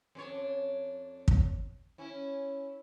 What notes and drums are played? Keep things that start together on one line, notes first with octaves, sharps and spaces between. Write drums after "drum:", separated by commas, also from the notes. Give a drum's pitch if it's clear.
F2 D4 C#5
drum: kick
C#4 E4